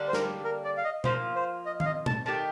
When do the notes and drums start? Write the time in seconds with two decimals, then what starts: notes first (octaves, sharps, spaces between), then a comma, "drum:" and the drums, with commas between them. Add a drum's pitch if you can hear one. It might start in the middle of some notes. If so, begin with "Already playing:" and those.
Already playing: D3 G3 A#3 D4
0.08 C5
0.13 A#4, drum: snare
0.44 A#4
0.64 D5
0.77 F5
0.84 D#5
1.04 F3 A#3 F4 C5, drum: tom B2
1.35 C5
1.66 D#5
1.80 F5, drum: tom D#3
1.85 D#5
2.06 A5, drum: tom B2
2.26 D#3 A3 D4 G4 A5